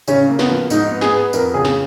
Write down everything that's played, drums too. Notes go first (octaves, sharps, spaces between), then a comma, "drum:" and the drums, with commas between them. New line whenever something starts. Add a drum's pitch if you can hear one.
C#3 C#4, drum: tambourine
A#3
B3, drum: snare
F3
G#2 D#4, drum: tambourine
B3
G#4, drum: snare
B3
F2 A#4, drum: tambourine
C#3 G#4
drum: snare